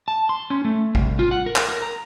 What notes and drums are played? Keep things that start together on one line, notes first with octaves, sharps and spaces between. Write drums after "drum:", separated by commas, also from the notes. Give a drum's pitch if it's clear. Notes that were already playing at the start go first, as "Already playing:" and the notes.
A5
C6
C#4
A3
C2, drum: kick A1
F4
F#5
A#4
drum: clap
A#4
A#5